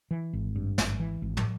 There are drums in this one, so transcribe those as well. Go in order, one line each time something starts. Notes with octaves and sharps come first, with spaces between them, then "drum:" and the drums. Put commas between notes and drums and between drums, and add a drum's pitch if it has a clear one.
E3
G#1
G2
G#1, drum: snare
E3
G#1
drum: tom